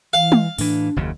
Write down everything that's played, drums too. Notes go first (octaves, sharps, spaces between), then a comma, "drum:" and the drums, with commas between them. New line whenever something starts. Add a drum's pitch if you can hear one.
E3 F5
drum: tom
A2 E3 D4, drum: open hi-hat
F#1 D#2 C#3